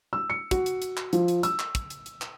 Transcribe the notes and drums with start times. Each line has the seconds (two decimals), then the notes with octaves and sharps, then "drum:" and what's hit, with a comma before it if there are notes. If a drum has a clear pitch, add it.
0.13 E6
0.30 C#7
0.51 F#4, drum: kick, hi-hat
0.66 drum: hi-hat
0.82 drum: hi-hat
0.97 drum: clap
1.13 F3, drum: hi-hat
1.28 drum: hi-hat
1.43 E6, drum: hi-hat
1.59 drum: clap
1.75 drum: kick, hi-hat
1.90 drum: hi-hat
2.06 drum: hi-hat
2.21 drum: clap